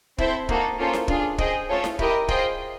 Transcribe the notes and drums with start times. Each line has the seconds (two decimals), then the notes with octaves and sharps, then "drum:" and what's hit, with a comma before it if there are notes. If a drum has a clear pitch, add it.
0.18 C4 E4 A4 C5 E5, drum: kick
0.49 A#3 D#4 F#4 A4, drum: kick
0.78 A#3 C#4 F4 A4 C5
0.93 drum: snare E4
1.08 D4 F4 G#4, drum: kick
1.38 G#4 C5 D#5 G5, drum: kick
1.69 A3 C#4 F4 A4 C#5
1.84 drum: snare E4
1.99 E4 G4 A#4 D#5, drum: kick
2.28 F4 G#4 C5 D#5 G5, drum: kick